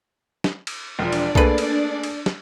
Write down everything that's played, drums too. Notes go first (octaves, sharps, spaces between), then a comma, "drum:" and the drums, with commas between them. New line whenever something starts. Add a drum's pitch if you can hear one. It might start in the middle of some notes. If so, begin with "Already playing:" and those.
drum: snare
drum: cymbal
E1 F3 D4 D5
drum: cymbal
A3 A#3 G#4 A4 B4, drum: kick B1
drum: cymbal
drum: cymbal
drum: snare